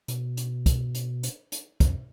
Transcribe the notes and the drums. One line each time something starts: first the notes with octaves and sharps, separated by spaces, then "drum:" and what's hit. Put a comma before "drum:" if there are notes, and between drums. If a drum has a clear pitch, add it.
B2, drum: hi-hat
drum: hi-hat
drum: kick, hi-hat
drum: hi-hat
drum: hi-hat
drum: hi-hat
F2, drum: kick, hi-hat